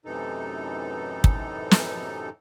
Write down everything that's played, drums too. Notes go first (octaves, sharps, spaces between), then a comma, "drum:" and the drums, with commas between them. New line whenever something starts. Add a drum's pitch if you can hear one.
F#2 A2 C3 E3 D#4 A4
drum: kick
drum: snare